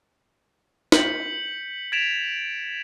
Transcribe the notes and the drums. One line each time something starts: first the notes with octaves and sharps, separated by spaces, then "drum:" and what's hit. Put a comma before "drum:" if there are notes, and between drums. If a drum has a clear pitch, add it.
G6 B6 C#7 F#7, drum: snare
G#6 A6 B6 D7 E7 F7